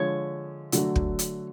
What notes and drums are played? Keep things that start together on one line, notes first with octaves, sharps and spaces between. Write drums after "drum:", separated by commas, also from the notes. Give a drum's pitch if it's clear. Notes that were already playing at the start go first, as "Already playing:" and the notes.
Already playing: D3 F3 G#3 C#5
D3 F#3 A3 D4 F#4, drum: hi-hat
drum: kick
drum: hi-hat